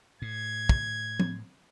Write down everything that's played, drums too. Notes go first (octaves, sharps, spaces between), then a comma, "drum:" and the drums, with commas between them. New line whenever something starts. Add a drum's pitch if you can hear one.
A2 G#6
drum: kick
drum: tom F3